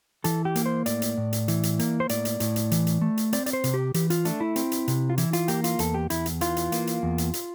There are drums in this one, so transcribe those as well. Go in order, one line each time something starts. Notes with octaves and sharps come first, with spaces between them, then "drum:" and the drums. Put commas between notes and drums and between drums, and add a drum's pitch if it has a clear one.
E3 A4, drum: hi-hat
G4
A#3, drum: hi-hat
C5
A2 D5, drum: hi-hat
drum: hi-hat
A2
drum: hi-hat
E3, drum: hi-hat
drum: hi-hat
A#3, drum: hi-hat
C5
A2 D5, drum: hi-hat
drum: hi-hat
A2, drum: hi-hat
drum: hi-hat
E3, drum: hi-hat
drum: hi-hat
A3
drum: hi-hat
C4 D5, drum: hi-hat
D5, drum: hi-hat
C5
C3, drum: hi-hat
G4
E3 G4, drum: hi-hat
F4, drum: hi-hat
A3 D4, drum: hi-hat
E4
C4, drum: hi-hat
drum: hi-hat
C3, drum: hi-hat
F4
E3 E4, drum: hi-hat
F4, drum: hi-hat
A#3 G4, drum: hi-hat
F4, drum: hi-hat
E2 A4, drum: hi-hat
G4
E2 E4, drum: hi-hat
drum: hi-hat
E3 F4, drum: hi-hat
drum: hi-hat
A#3, drum: hi-hat
drum: hi-hat
E2
drum: hi-hat
drum: hi-hat